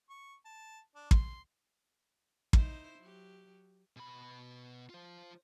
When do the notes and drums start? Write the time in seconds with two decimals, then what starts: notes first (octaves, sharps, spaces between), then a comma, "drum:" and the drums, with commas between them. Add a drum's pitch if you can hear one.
0.10 C#6
0.45 A5
0.95 D4
1.11 C6, drum: kick
2.53 D#4 E4 C5, drum: kick
2.99 F#3 G4
3.97 B2 B5
4.90 F4 C5